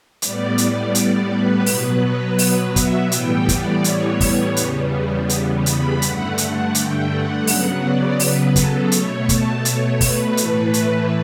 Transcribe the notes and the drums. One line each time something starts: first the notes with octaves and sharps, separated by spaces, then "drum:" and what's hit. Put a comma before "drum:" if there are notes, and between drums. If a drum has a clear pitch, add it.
A2 G3 B3 D5, drum: hi-hat
drum: hi-hat
D5, drum: hi-hat
B4
B2 F#3 B3, drum: open hi-hat
B4
B4, drum: open hi-hat
E5, drum: kick, hi-hat
A2 E3 G3 B3 G5, drum: hi-hat
D5, drum: kick, hi-hat
C#5, drum: hi-hat
drum: kick, open hi-hat
E2 C#3 G3 B3, drum: hi-hat
drum: hi-hat
B5, drum: hi-hat
G2 D3 A3 F#5, drum: hi-hat
F#5, drum: hi-hat
G5, drum: hi-hat
F#5
C#3 F#3 B3, drum: open hi-hat
D5
B4, drum: open hi-hat
A4, drum: kick, hi-hat
B2 A3 C#5, drum: hi-hat
A5, drum: kick, hi-hat
C#5, drum: hi-hat
B4, drum: kick, open hi-hat
A2 E3 A3 B4, drum: hi-hat
drum: hi-hat